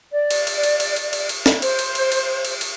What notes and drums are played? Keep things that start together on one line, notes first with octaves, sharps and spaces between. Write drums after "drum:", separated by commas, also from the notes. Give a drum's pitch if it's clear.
D5
drum: cymbal
drum: cymbal
drum: cymbal
drum: cymbal
drum: cymbal
drum: cymbal
drum: cymbal
drum: snare
C5, drum: cymbal
drum: cymbal
drum: cymbal
drum: cymbal
drum: cymbal
drum: cymbal